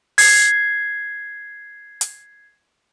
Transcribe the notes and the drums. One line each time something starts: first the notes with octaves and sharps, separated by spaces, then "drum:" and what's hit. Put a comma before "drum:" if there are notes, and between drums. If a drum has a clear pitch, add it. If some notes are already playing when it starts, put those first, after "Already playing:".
G#6 C7, drum: open hi-hat
drum: hi-hat